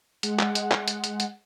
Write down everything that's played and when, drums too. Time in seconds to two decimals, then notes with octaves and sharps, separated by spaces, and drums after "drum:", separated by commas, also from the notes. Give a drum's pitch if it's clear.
0.23 G#3 F#5, drum: hi-hat
0.39 drum: clap
0.55 drum: hi-hat
0.71 drum: clap
0.88 drum: hi-hat
1.04 drum: hi-hat
1.20 drum: hi-hat